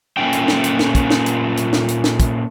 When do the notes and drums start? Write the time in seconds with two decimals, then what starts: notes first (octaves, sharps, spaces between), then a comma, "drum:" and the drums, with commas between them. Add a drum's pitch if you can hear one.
0.17 A#2 A3 C#4 G5
0.33 drum: hi-hat
0.48 drum: snare
0.64 drum: hi-hat
0.79 drum: snare
0.95 drum: kick, hi-hat
1.10 drum: snare
1.26 drum: hi-hat
1.57 drum: hi-hat
1.73 drum: snare
1.88 drum: hi-hat
2.04 drum: snare
2.20 drum: kick, hi-hat